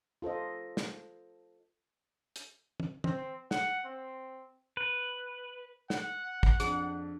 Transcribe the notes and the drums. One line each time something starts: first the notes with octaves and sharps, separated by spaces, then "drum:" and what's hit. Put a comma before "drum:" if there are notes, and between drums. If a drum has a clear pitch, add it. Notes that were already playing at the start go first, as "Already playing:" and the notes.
F4 A4 C5 D#5
drum: snare
drum: hi-hat
drum: tom
C4, drum: tom
F#5, drum: snare
C4
B4
F#5, drum: snare
drum: kick
F2 D4 G#4, drum: hi-hat